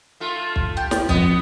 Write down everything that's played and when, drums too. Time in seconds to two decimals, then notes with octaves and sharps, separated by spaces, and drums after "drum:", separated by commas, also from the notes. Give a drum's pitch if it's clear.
0.20 A3 F4
0.56 drum: kick
0.77 G4
0.91 drum: snare
1.09 F2 B3 D#5, drum: kick